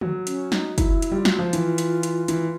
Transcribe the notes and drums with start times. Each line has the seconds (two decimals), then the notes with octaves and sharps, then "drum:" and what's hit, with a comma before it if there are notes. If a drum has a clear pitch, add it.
0.01 F#3, drum: tom D3
0.27 C#4, drum: hi-hat
0.52 D#4, drum: snare
0.78 E4, drum: kick, hi-hat
1.02 drum: hi-hat
1.12 G3 F4
1.25 F#3, drum: snare
1.39 F3
1.53 E3, drum: hi-hat
1.78 drum: hi-hat
2.03 drum: hi-hat
2.28 E3, drum: hi-hat